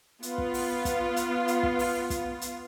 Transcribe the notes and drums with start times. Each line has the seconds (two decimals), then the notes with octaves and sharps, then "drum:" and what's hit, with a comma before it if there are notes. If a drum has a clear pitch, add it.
0.23 B3 F4, drum: hi-hat
0.38 drum: kick
0.54 drum: open hi-hat
0.85 drum: kick, hi-hat
1.16 drum: hi-hat
1.48 drum: hi-hat
1.63 drum: kick
1.79 drum: open hi-hat
2.10 drum: kick, hi-hat
2.41 drum: hi-hat